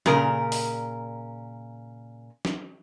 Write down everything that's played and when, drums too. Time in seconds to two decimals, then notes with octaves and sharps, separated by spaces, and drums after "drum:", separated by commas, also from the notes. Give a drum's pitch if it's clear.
0.06 A#2 C#3 A#4, drum: snare
0.52 drum: open hi-hat
2.45 drum: snare